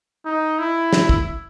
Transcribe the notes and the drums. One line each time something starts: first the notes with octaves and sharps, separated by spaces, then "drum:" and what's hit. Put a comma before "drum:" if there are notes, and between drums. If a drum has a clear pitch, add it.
D#4
E4
drum: snare
drum: kick